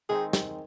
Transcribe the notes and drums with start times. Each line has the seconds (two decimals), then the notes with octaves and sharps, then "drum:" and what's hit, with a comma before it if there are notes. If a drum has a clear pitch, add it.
0.09 D#3 G#3 C4 D#4 G#4
0.33 drum: snare